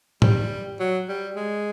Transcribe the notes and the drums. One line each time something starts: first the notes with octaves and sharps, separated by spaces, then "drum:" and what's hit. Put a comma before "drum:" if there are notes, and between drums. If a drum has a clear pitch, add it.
G3, drum: tom
F#3
G3
G#3